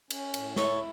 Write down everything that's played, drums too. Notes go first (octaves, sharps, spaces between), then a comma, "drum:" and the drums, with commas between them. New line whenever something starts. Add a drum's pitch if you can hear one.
C#4, drum: cymbal
A2, drum: cymbal
E4 A4 C#5, drum: snare